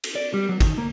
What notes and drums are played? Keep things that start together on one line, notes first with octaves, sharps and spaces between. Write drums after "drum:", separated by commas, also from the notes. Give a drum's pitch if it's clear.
drum: cymbal
D5
G3
F#3
D#3, drum: kick G#1, cymbal
A#3